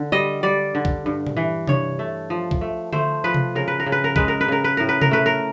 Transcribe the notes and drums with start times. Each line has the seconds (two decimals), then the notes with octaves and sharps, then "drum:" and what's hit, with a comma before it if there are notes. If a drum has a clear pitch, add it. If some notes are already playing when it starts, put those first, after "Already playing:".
Already playing: D3
0.12 G3 D#5
0.43 G3 D5
0.75 D3
0.85 drum: kick B1
1.06 G2
1.27 drum: tom A#2
1.37 E3
1.68 G2 C#5, drum: tom C3
1.99 A3
2.30 F3
2.51 drum: kick B1
2.61 A3
2.93 A3 C5, drum: tom D3
3.24 F3 B4
3.34 drum: tom C3
3.55 C#3 A#4
3.68 B4
3.80 A#4
3.86 C#3
3.92 B4
4.04 A#4
4.16 G#3 B4, drum: kick B1
4.28 A#4
4.41 B4
4.48 C#3 A#4
4.64 B4
4.77 A2 A#4
4.89 B4
5.02 A#4, drum: tom C3
5.11 A3 B4
5.26 A#4